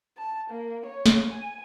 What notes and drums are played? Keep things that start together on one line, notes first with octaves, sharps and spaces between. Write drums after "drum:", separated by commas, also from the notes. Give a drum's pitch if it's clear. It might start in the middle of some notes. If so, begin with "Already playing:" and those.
A5
A#3
C#5
drum: snare
G#5